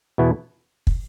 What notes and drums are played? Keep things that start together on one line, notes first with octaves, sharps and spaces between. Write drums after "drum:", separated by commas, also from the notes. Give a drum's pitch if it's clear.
E2 B2 B3 E4
drum: kick